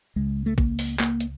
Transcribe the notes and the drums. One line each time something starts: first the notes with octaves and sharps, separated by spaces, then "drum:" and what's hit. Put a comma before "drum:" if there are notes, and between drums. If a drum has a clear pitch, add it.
C#2 C#3 G#3
A3
A#3, drum: kick A1
drum: open hi-hat
A#3, drum: clap
drum: hi-hat